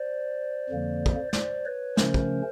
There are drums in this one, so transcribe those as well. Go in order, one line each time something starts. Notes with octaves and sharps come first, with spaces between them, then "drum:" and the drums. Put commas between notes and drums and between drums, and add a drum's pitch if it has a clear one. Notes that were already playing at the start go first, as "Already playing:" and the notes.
Already playing: C5 D5
F2 D3 F3 A#3
drum: kick
C5 D5, drum: snare
B4 C#5
C#3 F3 A3 C#4 A#4 C5, drum: snare
drum: kick